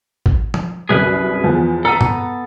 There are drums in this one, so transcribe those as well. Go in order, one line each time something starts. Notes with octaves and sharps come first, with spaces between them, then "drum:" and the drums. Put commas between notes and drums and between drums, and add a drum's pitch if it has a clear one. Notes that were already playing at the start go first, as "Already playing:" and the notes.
drum: kick
drum: tom
C2 F#2 G#4 B4
E2 F3
B3 A4 A#5
drum: tom